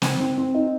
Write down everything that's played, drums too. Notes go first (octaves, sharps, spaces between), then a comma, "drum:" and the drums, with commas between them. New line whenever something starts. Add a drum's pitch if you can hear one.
C4, drum: snare
C4
C4
D#4